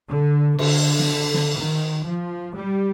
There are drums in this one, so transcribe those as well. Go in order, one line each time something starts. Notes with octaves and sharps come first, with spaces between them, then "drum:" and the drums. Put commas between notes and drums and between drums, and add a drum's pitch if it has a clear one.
D3
D3, drum: cymbal
drum: snare
drum: snare
D#3
F3
G3